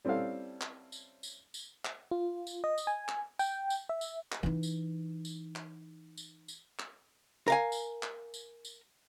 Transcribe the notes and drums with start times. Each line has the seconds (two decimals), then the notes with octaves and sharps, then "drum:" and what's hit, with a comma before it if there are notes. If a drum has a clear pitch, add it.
0.05 G3 C4 C#4 E4 A4 F5
0.61 drum: clap
0.92 drum: tambourine
1.23 drum: tambourine
1.54 drum: tambourine
1.85 drum: clap
2.11 F4
2.47 drum: tambourine
2.64 D#5
2.78 drum: tambourine
2.87 G#5
3.09 drum: clap
3.39 G5, drum: tambourine
3.70 drum: tambourine
3.89 E5
4.01 drum: tambourine
4.32 drum: clap
4.43 E3 D#4
4.63 drum: tambourine
5.25 drum: tambourine
5.56 drum: clap
6.17 drum: tambourine
6.48 drum: tambourine
6.79 drum: clap
7.48 A#4 F5 G#5
7.72 drum: tambourine
8.03 drum: clap
8.34 drum: tambourine
8.65 drum: tambourine